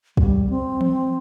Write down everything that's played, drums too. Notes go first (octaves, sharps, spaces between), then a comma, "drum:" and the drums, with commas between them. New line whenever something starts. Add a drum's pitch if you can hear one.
G3, drum: kick
C4
drum: tom E3